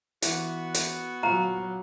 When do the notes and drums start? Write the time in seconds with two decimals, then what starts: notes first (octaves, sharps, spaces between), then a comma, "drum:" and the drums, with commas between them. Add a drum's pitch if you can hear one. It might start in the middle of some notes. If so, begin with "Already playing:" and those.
0.22 E3 B3 F#4 F#5, drum: hi-hat
0.74 drum: hi-hat
1.23 A#2 F#3 F5 A#5